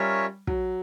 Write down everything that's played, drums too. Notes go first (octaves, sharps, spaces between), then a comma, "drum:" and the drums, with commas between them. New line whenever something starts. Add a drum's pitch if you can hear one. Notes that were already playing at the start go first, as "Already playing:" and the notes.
Already playing: G3 C#4 F4 A#4 C#5 E5
F#3, drum: kick